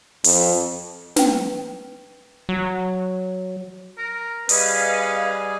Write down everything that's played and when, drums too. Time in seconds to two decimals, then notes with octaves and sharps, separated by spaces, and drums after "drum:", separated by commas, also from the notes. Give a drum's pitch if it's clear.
0.24 F2, drum: open hi-hat
1.16 B4 G5, drum: snare
2.49 F#3
3.98 A#4
4.49 G3 C#4 G#4 B4 D#5 F5 G#5, drum: open hi-hat